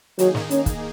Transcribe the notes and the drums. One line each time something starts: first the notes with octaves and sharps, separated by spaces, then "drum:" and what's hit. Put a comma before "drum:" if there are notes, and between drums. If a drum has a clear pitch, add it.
D#3 F#3 A#3 D#4 G#4, drum: hi-hat
drum: snare
C#4, drum: hi-hat
drum: kick, hi-hat